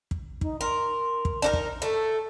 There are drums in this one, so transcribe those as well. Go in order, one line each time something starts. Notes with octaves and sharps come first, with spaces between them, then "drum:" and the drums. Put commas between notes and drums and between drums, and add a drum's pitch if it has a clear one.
drum: kick
D#4, drum: kick
A#4 C6
drum: kick
D4 D#4 A#4
drum: kick
A3 A4